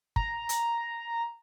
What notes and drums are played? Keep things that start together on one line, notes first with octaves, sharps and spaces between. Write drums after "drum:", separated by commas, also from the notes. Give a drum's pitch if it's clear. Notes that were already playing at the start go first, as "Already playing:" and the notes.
A#5, drum: kick
drum: hi-hat